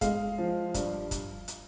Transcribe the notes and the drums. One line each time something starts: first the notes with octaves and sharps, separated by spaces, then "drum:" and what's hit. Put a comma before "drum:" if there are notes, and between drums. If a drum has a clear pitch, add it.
G#3 F5, drum: kick, hi-hat
F3
G2, drum: kick, hi-hat
drum: kick, hi-hat
drum: hi-hat